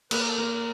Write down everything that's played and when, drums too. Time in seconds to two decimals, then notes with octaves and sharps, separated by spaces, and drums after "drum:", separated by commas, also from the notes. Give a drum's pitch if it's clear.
0.11 A#3 B4, drum: cymbal
0.20 A#4
0.28 A4
0.37 A#3 A#4